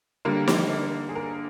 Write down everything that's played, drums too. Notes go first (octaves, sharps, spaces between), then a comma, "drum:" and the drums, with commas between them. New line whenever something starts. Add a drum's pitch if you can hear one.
D3 G3 A#3 A#4
drum: snare
G#4
A#4